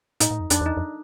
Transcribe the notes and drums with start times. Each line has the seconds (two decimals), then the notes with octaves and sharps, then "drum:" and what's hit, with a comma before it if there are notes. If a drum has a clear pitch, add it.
0.20 A2 D#4, drum: hi-hat
0.31 A2
0.40 F2
0.50 F2 D4, drum: hi-hat
0.61 E2 D#4
0.77 F2